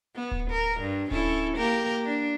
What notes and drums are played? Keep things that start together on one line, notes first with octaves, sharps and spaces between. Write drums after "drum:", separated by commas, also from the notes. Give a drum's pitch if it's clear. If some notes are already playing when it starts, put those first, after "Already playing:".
B3
drum: kick D1
A#4
G2
C#4 E4 A4, drum: kick D1
A#3 G4 A#4
D4